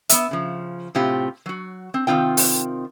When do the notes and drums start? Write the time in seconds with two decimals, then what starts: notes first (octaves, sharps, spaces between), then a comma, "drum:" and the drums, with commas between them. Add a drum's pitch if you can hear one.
0.09 B3 E5, drum: hi-hat
0.31 C#3 F3
0.95 A2 C3 C4 F4 G4
1.46 F#3 F#4
1.94 C4
2.07 C3 D#3 E3 C4 F4 G5
2.37 drum: open hi-hat